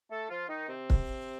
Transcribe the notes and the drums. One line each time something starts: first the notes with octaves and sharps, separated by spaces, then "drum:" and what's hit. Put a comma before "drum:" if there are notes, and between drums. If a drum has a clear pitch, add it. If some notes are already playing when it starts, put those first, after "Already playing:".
A3 A4
F3 F4
D#3 D#4
C3 C4
drum: kick